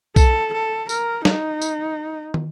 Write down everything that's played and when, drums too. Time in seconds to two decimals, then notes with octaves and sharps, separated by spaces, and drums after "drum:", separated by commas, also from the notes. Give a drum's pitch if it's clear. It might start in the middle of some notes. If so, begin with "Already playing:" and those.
0.16 A4, drum: kick B1, tambourine
0.53 A4
0.89 A#4, drum: tambourine
1.25 D#4, drum: snare
1.62 drum: tambourine
2.34 drum: tom